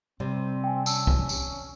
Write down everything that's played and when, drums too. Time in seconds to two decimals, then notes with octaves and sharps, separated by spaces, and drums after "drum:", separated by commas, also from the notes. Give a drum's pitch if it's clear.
0.20 C3 G3 C4
0.64 G5 G#5
0.86 C#4 A5 E6, drum: tambourine
1.07 drum: kick C2
1.29 drum: tambourine